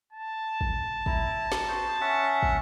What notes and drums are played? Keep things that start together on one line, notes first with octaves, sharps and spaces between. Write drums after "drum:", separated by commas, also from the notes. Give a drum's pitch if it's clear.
A5
drum: kick
E4 A#5, drum: kick
drum: snare
B3 F#4 C5
C#4 E5 F#5
drum: kick